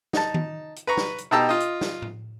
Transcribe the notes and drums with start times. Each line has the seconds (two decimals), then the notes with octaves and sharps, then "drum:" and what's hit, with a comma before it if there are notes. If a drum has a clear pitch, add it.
0.13 D#4 A5, drum: snare
0.34 drum: tom D#3
0.76 drum: hi-hat
0.87 B4 A#5 C#6
0.97 drum: snare
1.18 drum: hi-hat
1.31 B2 D#4 G4 A5 A#5 E6
1.49 F4 D#5
1.60 drum: hi-hat
1.81 drum: snare
2.02 drum: tom A2